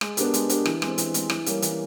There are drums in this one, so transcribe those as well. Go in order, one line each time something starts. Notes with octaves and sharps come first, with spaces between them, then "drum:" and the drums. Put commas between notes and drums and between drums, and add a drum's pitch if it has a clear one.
G#3, drum: rim click
B3 D4 G4 A#4, drum: hi-hat
G#3, drum: hi-hat
B3 D4 G4 A#4, drum: hi-hat
E3, drum: rim click
G#3 C4, drum: rim click
E3, drum: hi-hat
G#3 C4, drum: hi-hat
E3, drum: rim click
G3 A#3 C#4, drum: hi-hat
E3, drum: hi-hat